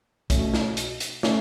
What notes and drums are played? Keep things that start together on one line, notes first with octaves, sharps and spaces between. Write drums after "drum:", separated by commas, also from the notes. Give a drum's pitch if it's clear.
B2 A3 C#4, drum: kick, hi-hat
drum: snare
drum: hi-hat
drum: hi-hat
A3 C#4, drum: snare